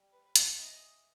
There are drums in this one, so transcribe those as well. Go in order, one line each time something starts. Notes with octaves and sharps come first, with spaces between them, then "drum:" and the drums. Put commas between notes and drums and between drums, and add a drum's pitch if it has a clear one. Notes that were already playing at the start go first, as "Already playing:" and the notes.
Already playing: G3
B4
drum: hi-hat
E3 D#5